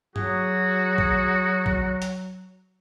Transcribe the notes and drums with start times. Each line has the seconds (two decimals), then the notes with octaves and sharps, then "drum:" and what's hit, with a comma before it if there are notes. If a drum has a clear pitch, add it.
0.16 F#3 F#4 G#4, drum: tom G2
0.98 drum: kick
1.66 drum: kick
2.02 drum: hi-hat